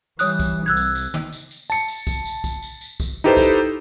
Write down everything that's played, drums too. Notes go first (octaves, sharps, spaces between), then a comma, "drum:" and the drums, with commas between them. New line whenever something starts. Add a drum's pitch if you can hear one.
E3 G3 C#5 D#6 F#6, drum: tambourine
drum: kick, tambourine
C2 E6 F#6 G#6
drum: tambourine
drum: tambourine
drum: tom
drum: tambourine
drum: tambourine
A5 C#7, drum: tambourine
drum: tambourine
drum: kick, tambourine
drum: tambourine
drum: kick, tambourine
drum: tambourine
drum: tambourine
drum: kick, tambourine
D#4 E4 G4 A4 B4 C5
drum: kick, tambourine